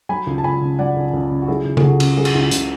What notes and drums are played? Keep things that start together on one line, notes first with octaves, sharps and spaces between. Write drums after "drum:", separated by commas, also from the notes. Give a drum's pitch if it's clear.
F#3 G#5 B5
C#2
A5
C#2 G#5 B5
C#3
F#3 D5 F#5
C#2
C#2
C#3
F#4
F#3 E4 G#4
C#2
G#4, drum: tom C#3
C#2 F#4 A4
C#3, drum: cymbal
F#3 G#4
F#4, drum: cymbal
C#2 E4
F#4
C#2, drum: hi-hat